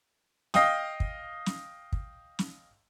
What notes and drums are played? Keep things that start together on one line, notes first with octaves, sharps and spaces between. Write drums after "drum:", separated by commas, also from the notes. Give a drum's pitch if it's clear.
D#5 F5 G5 D#6, drum: snare
drum: kick
drum: snare
drum: kick
drum: snare